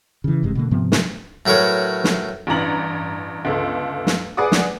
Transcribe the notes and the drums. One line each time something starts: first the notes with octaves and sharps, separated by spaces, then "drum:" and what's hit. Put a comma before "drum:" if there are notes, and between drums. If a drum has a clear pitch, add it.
C#3 E3
F1 G2 C3 G#3
B2 D3 A#3
G#2 C3 F3 B3
drum: snare
A2 F#3 A#4 B4 C#5
drum: snare
A1 G2 E3 A#5 F#7
G1 C#2 A4
drum: snare
G#4 B4 D5 F#5 D6 D#6
drum: snare